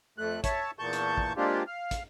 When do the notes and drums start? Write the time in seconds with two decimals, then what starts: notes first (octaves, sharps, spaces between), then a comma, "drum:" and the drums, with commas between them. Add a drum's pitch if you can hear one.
0.18 F2 A3 F#6
0.44 C#5 E5 A5, drum: kick, hi-hat
0.79 E2 A#2 A5 C#6 G6
0.93 drum: hi-hat
1.18 drum: kick
1.37 G#3 A#3 C4 D4 F4 G4
1.67 F5
1.91 drum: kick, hi-hat